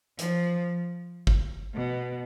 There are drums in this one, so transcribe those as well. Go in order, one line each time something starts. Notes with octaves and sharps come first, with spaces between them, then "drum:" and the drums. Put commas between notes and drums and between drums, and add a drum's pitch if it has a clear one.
F3, drum: hi-hat
drum: kick G1
B2